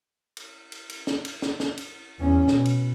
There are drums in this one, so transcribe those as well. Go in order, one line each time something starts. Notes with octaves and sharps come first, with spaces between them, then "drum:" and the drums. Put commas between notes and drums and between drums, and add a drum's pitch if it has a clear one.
drum: cymbal
drum: cymbal
drum: cymbal
drum: snare
drum: cymbal
drum: snare
drum: snare
drum: cymbal
E2 C#4
B2, drum: snare
drum: cymbal